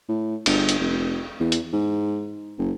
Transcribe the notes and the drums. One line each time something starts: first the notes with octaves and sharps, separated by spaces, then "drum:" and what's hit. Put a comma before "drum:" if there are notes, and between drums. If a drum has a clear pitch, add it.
A2
G1, drum: cymbal
drum: hi-hat
F1
E2
drum: hi-hat
G#2
F#1